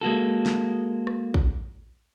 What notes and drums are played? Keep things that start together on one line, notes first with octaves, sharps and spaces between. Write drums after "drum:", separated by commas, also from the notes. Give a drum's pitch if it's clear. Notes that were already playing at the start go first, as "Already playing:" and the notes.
G#3 A#3 F#4 A4
drum: snare
drum: rim click
drum: kick